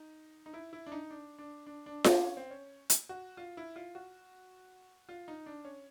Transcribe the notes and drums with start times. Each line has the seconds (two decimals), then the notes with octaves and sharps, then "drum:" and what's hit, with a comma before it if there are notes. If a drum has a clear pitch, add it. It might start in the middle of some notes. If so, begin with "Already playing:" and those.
Already playing: D#4
0.46 D#4
0.54 E4
0.73 E4
0.87 D4
0.92 D#4
1.11 D4
1.39 D4
1.67 D4
1.86 D4
2.04 D4, drum: snare F4
2.24 C#4
2.37 C4
2.51 C#4
2.90 drum: hi-hat
3.09 F#4
3.37 F4
3.57 E4
3.76 F4
3.95 F#4
5.09 F4
5.28 D#4
5.46 D4
5.65 C#4